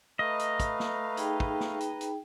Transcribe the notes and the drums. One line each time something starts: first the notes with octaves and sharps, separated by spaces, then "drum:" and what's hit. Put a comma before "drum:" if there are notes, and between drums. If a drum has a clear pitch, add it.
A3 B4 D#5 F5 A#5 B5
drum: hi-hat
drum: kick, hi-hat
drum: snare
D#4 G#4 G5, drum: hi-hat
drum: kick
drum: snare
drum: hi-hat
drum: hi-hat